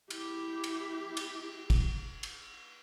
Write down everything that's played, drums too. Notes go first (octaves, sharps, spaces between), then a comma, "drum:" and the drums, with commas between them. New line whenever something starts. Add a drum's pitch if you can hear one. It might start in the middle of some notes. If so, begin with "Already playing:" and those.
E4 G4, drum: cymbal
drum: cymbal
drum: cymbal
drum: kick, cymbal
drum: cymbal